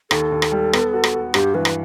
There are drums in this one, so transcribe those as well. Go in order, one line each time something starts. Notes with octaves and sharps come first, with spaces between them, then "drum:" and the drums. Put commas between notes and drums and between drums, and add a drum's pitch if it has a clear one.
D#2 A4, drum: rim click
D#2
drum: rim click
G3
B3, drum: rim click
F#4
drum: rim click
F#4
G2 G4, drum: rim click
E3 B4
drum: rim click